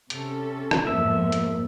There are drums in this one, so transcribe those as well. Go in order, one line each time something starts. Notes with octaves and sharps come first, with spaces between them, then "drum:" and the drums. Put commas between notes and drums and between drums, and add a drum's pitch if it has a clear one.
C3 C#4 A4, drum: hi-hat
drum: rim click
F2 G#2 F3 A#3 B3 E5
drum: hi-hat